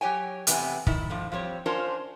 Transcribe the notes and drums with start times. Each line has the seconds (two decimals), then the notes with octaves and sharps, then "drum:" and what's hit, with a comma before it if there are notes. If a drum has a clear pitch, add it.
0.01 F#3 G4 C#5 G5 G#5
0.47 E2 C3 A3 B3 E4 G#5, drum: hi-hat
0.87 D#3 E4, drum: kick
1.10 A2 D3 F3
1.32 F3 G3 C4 C#5
1.66 C#4 D4 F4 A#4 C5